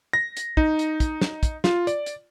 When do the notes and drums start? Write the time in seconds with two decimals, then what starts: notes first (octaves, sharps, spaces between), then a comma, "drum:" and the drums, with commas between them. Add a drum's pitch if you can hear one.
0.13 A#6
0.37 drum: hi-hat
0.57 D#4, drum: kick
0.79 drum: hi-hat
1.00 drum: kick, hi-hat
1.21 drum: snare
1.43 drum: kick, hi-hat
1.64 F4, drum: snare
1.87 D5, drum: hi-hat
2.06 drum: hi-hat